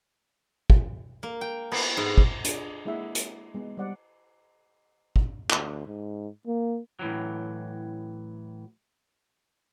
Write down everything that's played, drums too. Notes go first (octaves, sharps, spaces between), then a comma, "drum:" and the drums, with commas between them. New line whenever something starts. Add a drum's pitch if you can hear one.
drum: kick
A#3
G5
B3, drum: cymbal
G#2
drum: kick
D4 F4 G#4, drum: hi-hat
G#3 A#3 E4 G#4 E5 F#5
drum: hi-hat
G#3 B3
G3 C5 D5 F#5
drum: kick
D2, drum: clap
G#2
A#3
A2 E3 F#3